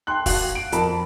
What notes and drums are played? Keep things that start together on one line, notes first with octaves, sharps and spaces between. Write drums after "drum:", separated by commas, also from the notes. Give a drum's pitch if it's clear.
G5 A5 C6 F#6
F#4 F5 F#6 C7, drum: kick, open hi-hat
D7
F2 A#4 A5 B5, drum: hi-hat